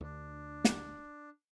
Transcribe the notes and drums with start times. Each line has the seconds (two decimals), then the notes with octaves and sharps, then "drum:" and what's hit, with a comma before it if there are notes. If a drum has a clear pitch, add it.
0.01 D2 D4
0.64 drum: snare